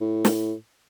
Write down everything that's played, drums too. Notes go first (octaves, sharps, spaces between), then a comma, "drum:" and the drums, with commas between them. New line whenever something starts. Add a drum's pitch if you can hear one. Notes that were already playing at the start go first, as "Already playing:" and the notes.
A2
drum: snare